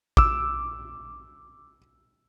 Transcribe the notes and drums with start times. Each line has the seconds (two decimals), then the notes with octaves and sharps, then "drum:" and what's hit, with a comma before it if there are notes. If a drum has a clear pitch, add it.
0.17 D6 E6, drum: kick